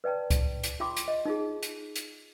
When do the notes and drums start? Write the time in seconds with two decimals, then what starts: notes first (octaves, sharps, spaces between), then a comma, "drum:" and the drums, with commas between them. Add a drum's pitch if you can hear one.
0.04 B4 D5 G5 A5 A#5
0.30 drum: kick C2, hi-hat
0.63 drum: hi-hat
0.80 F4 G5 B5 C6 D6
0.97 drum: hi-hat
1.08 D#5
1.25 D#4 F4 G#4
1.63 drum: hi-hat
1.96 drum: hi-hat